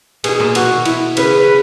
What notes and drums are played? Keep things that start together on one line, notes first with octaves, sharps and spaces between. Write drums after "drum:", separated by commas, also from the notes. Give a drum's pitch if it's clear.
B2 G#4, drum: cymbal
A#2
B2 F#4, drum: cymbal
E4, drum: cymbal
C#3 B4, drum: cymbal